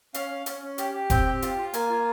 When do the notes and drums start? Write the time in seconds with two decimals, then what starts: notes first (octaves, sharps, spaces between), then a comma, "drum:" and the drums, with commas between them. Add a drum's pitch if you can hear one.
0.14 C#4 F5, drum: hi-hat
0.30 C#4
0.46 C#4, drum: hi-hat
0.63 C#4
0.78 G4, drum: hi-hat
0.94 G4
1.10 C4 G5, drum: kick F1, hi-hat
1.27 G4
1.42 F4, drum: hi-hat
1.58 F4
1.74 A#3 G#5, drum: hi-hat
1.90 F4